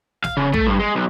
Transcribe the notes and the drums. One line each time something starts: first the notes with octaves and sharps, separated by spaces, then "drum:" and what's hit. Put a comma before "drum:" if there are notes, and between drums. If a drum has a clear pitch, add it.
F5, drum: snare
C#3
A3, drum: kick
G2
G#3
B1